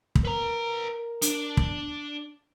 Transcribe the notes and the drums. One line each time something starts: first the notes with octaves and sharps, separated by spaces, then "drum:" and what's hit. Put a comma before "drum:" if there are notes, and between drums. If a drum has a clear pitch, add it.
drum: kick
A#4 B4 A#5
D4, drum: hi-hat
drum: kick